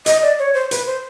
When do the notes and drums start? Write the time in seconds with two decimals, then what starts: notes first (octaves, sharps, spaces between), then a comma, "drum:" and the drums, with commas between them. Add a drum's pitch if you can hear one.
0.06 D#5, drum: hi-hat
0.22 D5
0.39 C#5
0.54 C5
0.71 B4, drum: hi-hat
0.86 C5